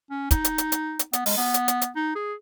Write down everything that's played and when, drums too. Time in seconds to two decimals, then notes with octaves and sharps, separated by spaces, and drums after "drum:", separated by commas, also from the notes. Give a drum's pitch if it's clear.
0.11 C#4
0.31 D#4, drum: kick, hi-hat
0.44 drum: hi-hat
0.58 drum: hi-hat
0.72 drum: hi-hat
0.99 drum: hi-hat
1.13 B3, drum: hi-hat
1.26 G#3, drum: open hi-hat
1.37 B3
1.54 drum: hi-hat
1.68 drum: hi-hat
1.82 drum: hi-hat
1.96 D#4
2.15 G#4